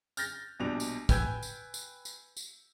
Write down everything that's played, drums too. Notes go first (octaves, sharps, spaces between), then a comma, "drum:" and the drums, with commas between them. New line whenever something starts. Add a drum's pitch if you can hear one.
F6 G6 A6 A#6, drum: tambourine
A#1 B2 G3 D4 F7
drum: tambourine
B4 G5 G#5 E6 G6 G#6, drum: kick, tambourine
drum: tambourine
drum: tambourine
drum: tambourine
drum: tambourine